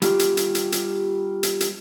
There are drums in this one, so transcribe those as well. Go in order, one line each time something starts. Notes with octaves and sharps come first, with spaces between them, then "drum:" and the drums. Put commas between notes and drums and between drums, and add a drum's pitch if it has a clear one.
G3 F4 G4, drum: hi-hat
drum: hi-hat
drum: hi-hat
drum: hi-hat
drum: hi-hat
drum: hi-hat
drum: hi-hat